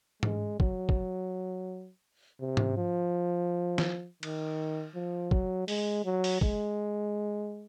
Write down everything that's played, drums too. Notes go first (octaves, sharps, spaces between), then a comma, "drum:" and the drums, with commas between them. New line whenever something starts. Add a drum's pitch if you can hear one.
G#3, drum: tom G#2
F#3, drum: kick
drum: kick
C3
drum: tom G#2
F3
drum: snare
D#3, drum: cymbal
F3
F#3, drum: kick
G#3, drum: open hi-hat
F#3
drum: open hi-hat
G#3, drum: kick